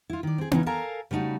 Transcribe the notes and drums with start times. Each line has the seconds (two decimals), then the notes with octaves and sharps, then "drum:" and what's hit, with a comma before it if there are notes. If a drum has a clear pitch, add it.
0.10 E4 F4
0.23 D#3 D5
0.38 C4 G#4
0.51 C#3 E3 G#3 C#4 D#4, drum: tom B3
0.66 A4 A#4 F5 G#5 A#5
1.11 C#3 G3 A3 D#4 F#4